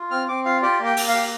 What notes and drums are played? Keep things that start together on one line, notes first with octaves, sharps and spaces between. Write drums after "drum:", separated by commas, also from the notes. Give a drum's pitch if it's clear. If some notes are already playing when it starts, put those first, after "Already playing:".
Already playing: F4
C4 F6
C4 D6
F4 F5
G4 D5
A#3
G5
A#3, drum: open hi-hat
F5
G4